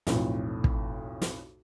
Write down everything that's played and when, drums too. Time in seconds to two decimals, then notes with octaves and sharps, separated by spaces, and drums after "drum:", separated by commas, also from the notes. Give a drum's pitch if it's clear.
0.07 B1 F2 A2, drum: snare
0.64 drum: kick
1.22 drum: snare